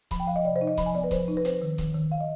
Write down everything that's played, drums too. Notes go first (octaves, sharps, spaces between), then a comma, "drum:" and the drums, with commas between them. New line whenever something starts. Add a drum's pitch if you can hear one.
F3 B5, drum: kick C#1, hi-hat
G5
F3 F5
D#5
C3 D5
C5
D#4
D#5
F3 B5, drum: kick C#1, hi-hat
G#5
B3 D5
B4
F3 C5, drum: kick C#1, hi-hat
D#4
B4
C4 C5, drum: hi-hat
D#3
D#3, drum: kick C#1, hi-hat
D#3
D#3 F5
D#5